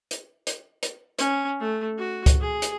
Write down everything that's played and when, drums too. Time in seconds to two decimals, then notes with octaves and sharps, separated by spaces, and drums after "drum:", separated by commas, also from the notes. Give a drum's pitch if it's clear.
0.11 drum: hi-hat
0.47 drum: hi-hat
0.83 drum: hi-hat
1.19 C#4, drum: hi-hat
1.60 A3
1.98 F#4
2.26 drum: kick C#2, hi-hat
2.41 G#4
2.62 drum: hi-hat